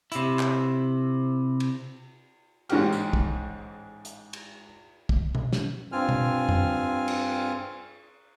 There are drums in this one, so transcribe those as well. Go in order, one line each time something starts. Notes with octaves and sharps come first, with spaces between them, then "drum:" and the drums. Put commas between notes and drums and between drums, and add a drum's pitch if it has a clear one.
C3 E4, drum: hi-hat
drum: clap
drum: cymbal
A1 G#2 G#3 F#4 G4 F6, drum: cymbal
drum: tambourine
drum: kick
drum: hi-hat
drum: cymbal
drum: kick
drum: tom B2
drum: snare
G2 C4 F4 G#5 F6
drum: tom B2
drum: tom F2
drum: cymbal